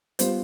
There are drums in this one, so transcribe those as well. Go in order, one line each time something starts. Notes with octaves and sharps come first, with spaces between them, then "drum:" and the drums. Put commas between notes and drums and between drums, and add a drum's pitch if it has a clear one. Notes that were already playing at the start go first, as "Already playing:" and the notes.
G3 B3 F4 C5, drum: hi-hat